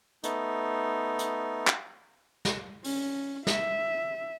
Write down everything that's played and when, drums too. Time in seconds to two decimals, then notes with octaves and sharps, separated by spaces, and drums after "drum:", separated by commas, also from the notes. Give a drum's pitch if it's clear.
0.23 A3 B3 D#4, drum: hi-hat
1.19 drum: hi-hat
1.67 drum: clap
2.45 drum: snare
2.84 C#4, drum: open hi-hat
3.47 E5, drum: snare